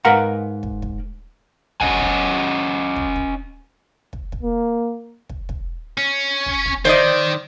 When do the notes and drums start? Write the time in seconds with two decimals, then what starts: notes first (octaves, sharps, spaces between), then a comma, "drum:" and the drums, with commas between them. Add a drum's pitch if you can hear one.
0.05 G#2 A#4 B4 F5 F#5 A#5
0.63 drum: kick
0.82 drum: kick
1.81 C#4 D#5 F#5 G#5, drum: kick
1.99 drum: kick
2.96 drum: kick
3.16 drum: kick
4.13 drum: kick
4.32 drum: kick
4.43 A#3
5.29 drum: kick
5.49 drum: kick
5.98 C#4
6.46 drum: kick
6.66 drum: kick
6.85 D#3 C5 D5 D#5